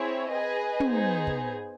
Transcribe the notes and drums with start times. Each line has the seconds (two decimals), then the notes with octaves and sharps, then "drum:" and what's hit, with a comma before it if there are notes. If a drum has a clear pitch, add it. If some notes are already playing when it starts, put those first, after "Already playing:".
Already playing: C4 E4 G#4 C#5 E5
0.30 G#4 B4 D#5 G#5
0.80 drum: tom
0.89 B3 D#4 G#4 C5
1.27 drum: kick